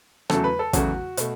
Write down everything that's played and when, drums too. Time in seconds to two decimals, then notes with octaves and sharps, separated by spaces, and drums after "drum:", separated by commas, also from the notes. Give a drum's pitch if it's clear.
0.30 E2 C#3 F#3 A3 A4, drum: rim click
0.44 B4
0.59 A4
0.73 E2 C#3 F#3 A3 F#4, drum: kick, hi-hat
1.17 B2 A3, drum: hi-hat